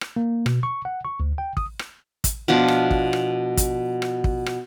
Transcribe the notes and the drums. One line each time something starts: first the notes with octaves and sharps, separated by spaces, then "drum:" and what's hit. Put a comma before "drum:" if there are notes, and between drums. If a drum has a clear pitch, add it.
drum: rim click
A#3
B2, drum: rim click
C#6
F#5
C#6
D2
G5
D#6, drum: kick
drum: rim click
drum: kick, hi-hat
B2 F3 D4 F4
drum: rim click
drum: kick
drum: rim click
drum: kick, hi-hat
drum: rim click
drum: kick
drum: rim click